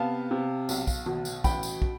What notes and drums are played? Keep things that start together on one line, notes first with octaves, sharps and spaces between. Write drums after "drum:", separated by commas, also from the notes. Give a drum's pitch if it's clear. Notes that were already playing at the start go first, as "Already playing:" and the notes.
Already playing: C3 B3 F5 A5
C3
B1, drum: tambourine
drum: kick, tambourine
B2, drum: tom D#3
drum: tambourine
A1 G5 B5, drum: kick, tambourine
drum: tambourine
drum: kick